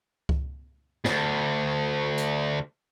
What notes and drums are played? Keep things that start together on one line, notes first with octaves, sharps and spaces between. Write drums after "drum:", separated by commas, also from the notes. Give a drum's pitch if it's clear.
drum: kick C#2
D2 G#2, drum: snare
drum: hi-hat